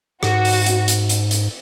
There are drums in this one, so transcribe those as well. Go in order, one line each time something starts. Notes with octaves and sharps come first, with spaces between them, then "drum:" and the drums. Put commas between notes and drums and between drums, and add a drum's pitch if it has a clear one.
G#2 F#4, drum: rim click
drum: open hi-hat
drum: hi-hat
drum: hi-hat
drum: hi-hat
drum: hi-hat